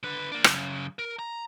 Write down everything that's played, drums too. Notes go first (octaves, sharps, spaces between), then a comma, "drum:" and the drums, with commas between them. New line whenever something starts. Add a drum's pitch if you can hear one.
D3 B4
A#3 D4
F#2 C#3, drum: rim click
A#4
A#5